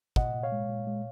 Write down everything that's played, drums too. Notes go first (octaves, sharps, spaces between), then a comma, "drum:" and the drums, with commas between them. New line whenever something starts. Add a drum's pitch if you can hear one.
A#2 D#5 F#5, drum: kick
A#2
C#5 F5
G#3
A#2
G#3